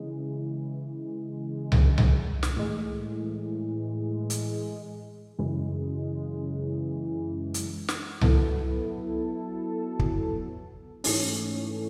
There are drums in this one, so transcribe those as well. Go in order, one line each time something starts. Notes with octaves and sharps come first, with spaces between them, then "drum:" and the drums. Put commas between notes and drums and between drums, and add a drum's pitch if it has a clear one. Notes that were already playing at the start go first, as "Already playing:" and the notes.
Already playing: C#3 E3 G#3
drum: tom C2
drum: tom C2
drum: snare
A2 E3 G#3
drum: hi-hat
F#2 C#3 E3 G#3
drum: hi-hat
drum: snare
F#3 B3 E4 A4, drum: tom C2
drum: kick
G#2 E3 A3 C#4, drum: open hi-hat